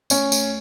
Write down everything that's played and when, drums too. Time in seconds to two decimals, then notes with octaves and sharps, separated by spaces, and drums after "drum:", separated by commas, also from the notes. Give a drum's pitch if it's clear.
0.10 A3 C#4, drum: tambourine
0.32 A3, drum: tambourine